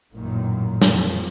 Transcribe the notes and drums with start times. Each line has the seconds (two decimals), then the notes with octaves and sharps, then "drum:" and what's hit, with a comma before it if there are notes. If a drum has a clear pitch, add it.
0.13 A1 F#2 A#2 D#3 F#3
0.82 F2 F3, drum: snare